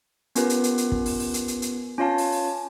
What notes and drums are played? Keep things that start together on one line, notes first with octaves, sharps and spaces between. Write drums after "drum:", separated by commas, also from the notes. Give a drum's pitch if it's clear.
B3 C#4 F4 G4 A#4 B4, drum: hi-hat
drum: hi-hat
drum: hi-hat
drum: hi-hat
drum: kick
drum: open hi-hat
drum: open hi-hat
drum: hi-hat
drum: hi-hat
drum: hi-hat
C#4 F4 C#5 F5 A5
drum: open hi-hat
drum: open hi-hat